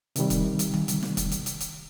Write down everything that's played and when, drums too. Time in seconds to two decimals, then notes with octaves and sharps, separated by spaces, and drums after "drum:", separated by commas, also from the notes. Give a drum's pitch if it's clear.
0.16 C3 D#3 G3, drum: hi-hat
0.30 drum: kick C#1, hi-hat
0.59 drum: hi-hat
0.74 drum: tom D3
0.88 drum: hi-hat
1.03 drum: snare
1.17 drum: kick C#1, hi-hat
1.32 drum: hi-hat
1.46 drum: hi-hat
1.60 drum: hi-hat